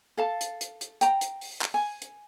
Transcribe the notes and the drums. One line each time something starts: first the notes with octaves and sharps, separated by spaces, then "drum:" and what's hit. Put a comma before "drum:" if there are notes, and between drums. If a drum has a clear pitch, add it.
A4 F5 A5
drum: hi-hat
drum: hi-hat
drum: hi-hat
G5 A#5, drum: hi-hat
drum: hi-hat
drum: open hi-hat
drum: clap
G#5
drum: hi-hat